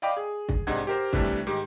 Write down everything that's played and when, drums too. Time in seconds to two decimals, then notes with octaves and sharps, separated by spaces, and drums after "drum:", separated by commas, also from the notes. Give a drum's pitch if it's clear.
0.02 D5 D#5 F5 G5 B5 D6
0.17 G#4
0.49 drum: kick
0.67 G#2 C3 D4 D#5 F#5 G#6
0.87 G4 A#4 C5
1.13 C3 E3 G3 A3 D4, drum: kick
1.47 G#2 D#3 G4